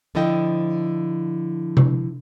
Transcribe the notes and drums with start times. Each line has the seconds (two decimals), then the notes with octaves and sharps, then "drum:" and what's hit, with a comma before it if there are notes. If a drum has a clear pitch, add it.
0.15 D3 F3 E4 A4 D#5 G5
1.77 drum: tom C3